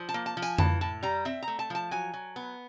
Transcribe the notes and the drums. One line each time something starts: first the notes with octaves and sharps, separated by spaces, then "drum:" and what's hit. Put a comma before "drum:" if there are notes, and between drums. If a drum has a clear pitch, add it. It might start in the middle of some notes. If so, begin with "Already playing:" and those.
Already playing: F3
A5
A#3
A5
F3
G#5, drum: tambourine
E3 A5, drum: tom F2
A2 A5
G3 A#5
C4 E5
A#5
A3
A5
F3 A5
F#3 G#5
F#3
B3